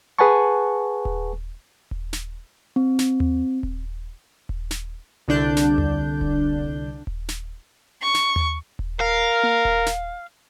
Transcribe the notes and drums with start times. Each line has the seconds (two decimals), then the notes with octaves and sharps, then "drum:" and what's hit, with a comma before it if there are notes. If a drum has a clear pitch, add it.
0.19 G#4 B4 F#5 G#5 A5 C#6
1.05 drum: kick D#1
1.91 drum: kick D#1
2.13 drum: snare
2.76 C4
2.99 drum: snare
3.20 drum: tom D#2
3.63 drum: kick D#1
4.49 drum: kick D#1
4.71 drum: snare
5.28 C2 D3 D4 G6
5.57 drum: snare
5.78 drum: tom D#2
6.21 drum: kick D#1
7.07 drum: kick D#1
7.28 drum: snare
8.02 C#6
8.14 drum: snare
8.36 drum: tom D#2
8.79 drum: kick D#1
9.00 A#4 F5
9.43 drum: tom A#3
9.65 drum: kick D#1
9.86 drum: snare